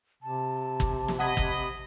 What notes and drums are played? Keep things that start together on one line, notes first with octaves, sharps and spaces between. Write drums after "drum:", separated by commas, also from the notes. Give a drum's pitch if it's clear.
C3 A5
drum: kick G1
drum: snare
D#5 F#5 B5 D#6 G#6
drum: kick G1